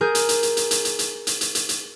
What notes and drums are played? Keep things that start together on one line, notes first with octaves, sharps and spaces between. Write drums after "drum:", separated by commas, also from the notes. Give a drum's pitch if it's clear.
G#4 A#4 G6
drum: hi-hat
drum: hi-hat
drum: hi-hat
drum: hi-hat
drum: hi-hat
drum: hi-hat
drum: hi-hat
drum: hi-hat
drum: hi-hat
drum: hi-hat
drum: hi-hat